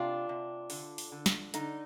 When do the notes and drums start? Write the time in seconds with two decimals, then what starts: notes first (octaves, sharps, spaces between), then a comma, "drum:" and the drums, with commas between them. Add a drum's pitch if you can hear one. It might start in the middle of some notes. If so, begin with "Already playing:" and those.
Already playing: C3 D4 F4
0.29 C3
0.70 D3, drum: open hi-hat
0.98 drum: open hi-hat
1.12 D3
1.26 drum: snare
1.54 D3 D#4, drum: hi-hat